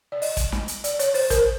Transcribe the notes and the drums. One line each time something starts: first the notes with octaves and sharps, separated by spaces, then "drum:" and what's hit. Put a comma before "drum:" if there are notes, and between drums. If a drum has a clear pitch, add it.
D5
D#5, drum: open hi-hat
drum: kick, hi-hat
drum: snare
drum: hi-hat
D5, drum: hi-hat
C#5, drum: hi-hat
C5, drum: open hi-hat
A#4, drum: kick, hi-hat